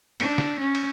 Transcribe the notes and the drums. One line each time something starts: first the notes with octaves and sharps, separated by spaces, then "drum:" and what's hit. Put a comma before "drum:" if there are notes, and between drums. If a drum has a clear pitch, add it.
D4, drum: cymbal
drum: snare
C#4
drum: cymbal